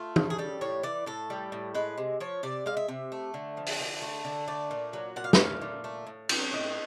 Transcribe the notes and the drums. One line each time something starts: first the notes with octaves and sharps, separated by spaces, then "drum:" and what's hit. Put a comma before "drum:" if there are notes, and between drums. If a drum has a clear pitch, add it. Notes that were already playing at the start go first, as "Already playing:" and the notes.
Already playing: A3 F4
C#3, drum: tom
G#4
G3 A4
A2 C#5
E3 D5
A2 A4
G3
A2
G#3 B4
C3
F3 C#5
C3 D5
G#3 F5
E5
C3
A3
D3
F3
drum: open hi-hat
D3
A3
D3
A3 D5
A#2
F#3
A#2 F#5
F5
E5, drum: snare
A3 F5
A#2
A3
A2
F#3, drum: cymbal
A2 D#5